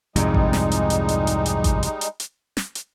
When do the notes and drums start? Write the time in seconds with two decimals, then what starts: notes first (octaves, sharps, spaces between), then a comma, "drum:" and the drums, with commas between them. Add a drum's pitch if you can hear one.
0.16 C2 F2 G#2 G3 G#3 D#4, drum: hi-hat
0.34 drum: kick A1
0.53 drum: snare
0.71 drum: hi-hat
0.90 drum: hi-hat
1.09 drum: hi-hat
1.27 drum: hi-hat
1.46 drum: hi-hat
1.64 drum: kick A1, hi-hat
1.83 drum: hi-hat
2.01 drum: hi-hat
2.20 drum: hi-hat
2.57 drum: snare
2.75 drum: hi-hat